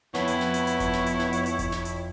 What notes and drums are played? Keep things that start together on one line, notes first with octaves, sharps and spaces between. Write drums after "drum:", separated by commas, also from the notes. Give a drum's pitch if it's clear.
F2 B3 E4 C#5, drum: snare
drum: hi-hat
drum: snare
drum: hi-hat
drum: hi-hat
drum: kick F#1, hi-hat
drum: snare
drum: hi-hat
drum: snare
drum: hi-hat
drum: hi-hat
drum: kick F#1, hi-hat
drum: snare
drum: hi-hat